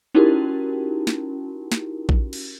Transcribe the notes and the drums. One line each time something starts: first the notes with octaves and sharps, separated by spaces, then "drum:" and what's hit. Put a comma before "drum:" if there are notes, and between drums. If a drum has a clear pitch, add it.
C#4 D#4 E4 F#4 G4 A#4
drum: snare
drum: snare
drum: kick A#1
drum: cymbal